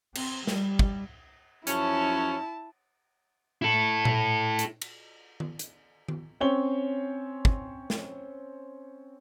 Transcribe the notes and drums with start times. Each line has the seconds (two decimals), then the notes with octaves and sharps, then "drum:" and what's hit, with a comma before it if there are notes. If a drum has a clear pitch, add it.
0.15 C4, drum: cymbal
0.47 G3, drum: snare
0.79 drum: kick
1.67 F#2 F3 C#4 E4 A5, drum: hi-hat
3.62 E4 A4
4.05 drum: tom A#2
4.59 drum: hi-hat
4.82 drum: cymbal
5.40 drum: tom D#3
5.59 drum: hi-hat
6.08 drum: tom D#3
6.41 C4 C#4 C#5 G7
7.45 drum: kick
7.90 drum: snare